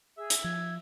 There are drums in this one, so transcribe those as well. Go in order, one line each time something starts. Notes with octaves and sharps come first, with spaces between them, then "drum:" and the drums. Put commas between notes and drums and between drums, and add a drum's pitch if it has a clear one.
G#4 E5
drum: hi-hat
F3 G#6